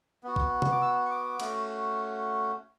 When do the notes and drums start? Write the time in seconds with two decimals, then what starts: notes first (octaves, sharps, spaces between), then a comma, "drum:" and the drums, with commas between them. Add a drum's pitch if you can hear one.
0.23 B3 F#4
0.36 drum: kick A#1
0.62 drum: tom C3
0.72 D6
0.82 E6
1.06 C#6
1.11 D6
1.40 A3 C#4 F#4, drum: cymbal